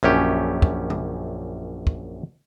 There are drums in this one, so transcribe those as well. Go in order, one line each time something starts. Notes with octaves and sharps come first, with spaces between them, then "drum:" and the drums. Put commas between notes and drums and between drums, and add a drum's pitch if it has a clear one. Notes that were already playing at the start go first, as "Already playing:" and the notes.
A#1 F#2 C#4 G4
drum: kick
drum: tom C#3
drum: kick